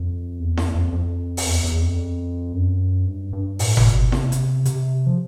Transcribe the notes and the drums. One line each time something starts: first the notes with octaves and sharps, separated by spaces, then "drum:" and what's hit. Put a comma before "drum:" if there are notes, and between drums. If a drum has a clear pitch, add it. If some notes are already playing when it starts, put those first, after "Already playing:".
Already playing: F2
E2
F2, drum: snare E4
F2
F2
drum: open hi-hat
E2
E2
F2
F#2
G2
G2
A2, drum: open hi-hat
A#2, drum: tom G1
B2
C3, drum: snare E4
drum: hi-hat
C3, drum: hi-hat
F3